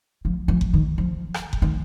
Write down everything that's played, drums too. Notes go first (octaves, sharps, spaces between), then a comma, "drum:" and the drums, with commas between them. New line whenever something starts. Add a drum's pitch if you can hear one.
F3
F3
drum: kick F#1
D#3
F3
drum: rim click
drum: kick F#1
D#3